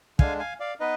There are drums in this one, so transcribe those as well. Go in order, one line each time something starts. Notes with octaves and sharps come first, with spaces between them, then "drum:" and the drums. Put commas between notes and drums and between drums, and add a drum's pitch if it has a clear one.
D3 G#3 D4 F5 G#5, drum: kick
F5 G#5
D5 F5
B3 D#4 B4 D#5